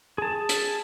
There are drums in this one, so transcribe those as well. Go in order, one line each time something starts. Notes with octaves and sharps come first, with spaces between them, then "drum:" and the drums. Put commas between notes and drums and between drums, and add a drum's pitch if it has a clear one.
G#4 A5
drum: hi-hat